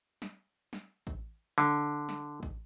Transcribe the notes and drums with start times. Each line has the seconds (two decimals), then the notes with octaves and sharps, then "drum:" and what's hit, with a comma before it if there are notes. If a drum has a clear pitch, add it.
0.22 drum: snare
0.73 drum: snare
1.07 drum: kick A1
1.58 D3, drum: snare
2.09 drum: snare
2.43 drum: kick A1